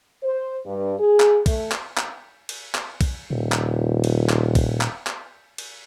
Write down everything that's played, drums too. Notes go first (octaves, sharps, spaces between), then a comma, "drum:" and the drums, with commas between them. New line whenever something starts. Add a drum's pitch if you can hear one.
C5
G2
G#4
drum: clap
A3, drum: kick, cymbal
drum: clap
drum: clap
drum: cymbal
drum: clap
drum: kick, cymbal
D#1 A#2
drum: clap
drum: cymbal
drum: clap
drum: kick, cymbal
drum: clap
drum: clap
drum: cymbal